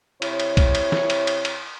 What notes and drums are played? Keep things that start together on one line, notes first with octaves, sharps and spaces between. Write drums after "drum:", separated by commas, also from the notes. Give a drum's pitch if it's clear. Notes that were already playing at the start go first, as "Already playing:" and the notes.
C3 E4 C#5, drum: cymbal
drum: cymbal
drum: kick B1, cymbal
drum: cymbal
drum: snare
drum: cymbal
drum: cymbal
drum: cymbal